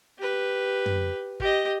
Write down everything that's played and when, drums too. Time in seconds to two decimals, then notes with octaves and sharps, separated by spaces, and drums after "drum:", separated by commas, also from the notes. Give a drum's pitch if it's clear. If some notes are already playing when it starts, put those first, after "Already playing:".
0.18 G4 B4
0.86 drum: tom
1.40 G4 D#5, drum: kick